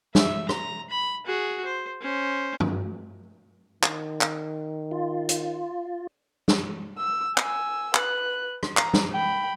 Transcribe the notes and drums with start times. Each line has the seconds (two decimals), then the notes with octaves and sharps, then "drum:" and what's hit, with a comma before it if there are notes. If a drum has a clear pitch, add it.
0.15 E5, drum: snare
0.49 A#5, drum: rim click
0.90 B5
1.26 F#4 G#4
1.65 C5
2.01 C#4 C5
2.60 drum: tom
3.83 D#3, drum: clap
4.21 drum: clap
4.91 F4
5.29 drum: hi-hat
6.48 drum: snare
6.98 E6
7.37 G#5 E6, drum: clap
7.95 B4 F#6, drum: clap
8.63 drum: rim click
8.77 A#5, drum: clap
8.94 drum: snare
9.12 G5 B5